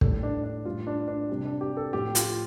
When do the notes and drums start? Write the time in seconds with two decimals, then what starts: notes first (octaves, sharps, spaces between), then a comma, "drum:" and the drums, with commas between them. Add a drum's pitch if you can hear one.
0.01 A2 G3 A4, drum: kick
0.23 D4
0.44 D4
0.65 A2 G3 F4
0.87 D4
1.08 D4
1.29 C3 G3
1.45 D4
1.61 G4
1.77 A4
1.93 A2 F3 G4
2.15 F4, drum: hi-hat